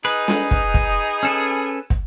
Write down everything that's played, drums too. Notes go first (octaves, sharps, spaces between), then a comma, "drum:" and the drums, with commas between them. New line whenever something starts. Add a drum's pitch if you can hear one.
D#4 G#4 B4
drum: snare
drum: kick
drum: kick
C#4 A4 B4
drum: kick